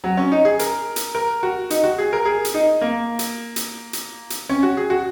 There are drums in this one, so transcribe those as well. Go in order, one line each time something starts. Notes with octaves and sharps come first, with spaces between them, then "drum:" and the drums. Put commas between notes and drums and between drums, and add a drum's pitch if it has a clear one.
F#3
C#4
D#4
G#4
A#4, drum: hi-hat
drum: hi-hat
A#4
F#4
D#4, drum: hi-hat
F#4
G#4
A#4
G#4
drum: hi-hat
D#4
A#3
drum: hi-hat
drum: hi-hat
drum: hi-hat
drum: hi-hat
C#4
F#4
G#4
F#4